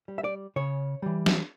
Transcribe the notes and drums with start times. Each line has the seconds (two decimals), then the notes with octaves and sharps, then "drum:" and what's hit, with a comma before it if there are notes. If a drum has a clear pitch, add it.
0.08 G3
0.18 E5
0.24 D5
0.56 C#3 C#5
1.02 E3 G3
1.26 drum: snare